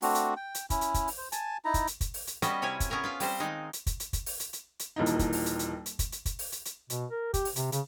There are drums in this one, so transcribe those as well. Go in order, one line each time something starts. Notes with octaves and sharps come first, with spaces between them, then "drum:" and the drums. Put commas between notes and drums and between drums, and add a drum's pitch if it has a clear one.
A3 C4 D4 F#4, drum: open hi-hat
drum: hi-hat
G5
drum: hi-hat
C#4 E4, drum: kick, hi-hat
drum: hi-hat
drum: kick, hi-hat
drum: open hi-hat
C5
G#5 A5, drum: hi-hat
D#4 E4 A#5
drum: kick, hi-hat
drum: hi-hat
drum: kick, hi-hat
drum: open hi-hat
drum: hi-hat
G3 B3 C#4 F#4 D#5, drum: hi-hat
C3 C#4 E4 C#5 G#5
drum: kick, hi-hat
B3 C#4 G#4 A#4 G#5
F4 B4 F5
G3 C4 C5, drum: open hi-hat
D#3 G#3 D#4
drum: hi-hat
drum: kick, hi-hat
drum: hi-hat
drum: kick, hi-hat
drum: open hi-hat
drum: hi-hat
drum: hi-hat
drum: hi-hat
D#1 D#2 E3 D#4
drum: hi-hat
drum: kick, hi-hat
drum: open hi-hat
drum: hi-hat
drum: hi-hat
drum: hi-hat
drum: kick, hi-hat
drum: hi-hat
drum: kick, hi-hat
drum: open hi-hat
drum: hi-hat
drum: hi-hat
B2, drum: hi-hat
A#4
G4, drum: kick, hi-hat
drum: open hi-hat
C3, drum: hi-hat
C#3, drum: hi-hat